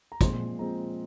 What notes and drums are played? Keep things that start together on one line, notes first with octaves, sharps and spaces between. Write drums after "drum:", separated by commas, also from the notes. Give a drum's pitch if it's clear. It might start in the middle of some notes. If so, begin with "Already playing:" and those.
A#5
A#2 F3 G#3 C4 C6, drum: kick, hi-hat
A#2 F3 G#3 C4 A#5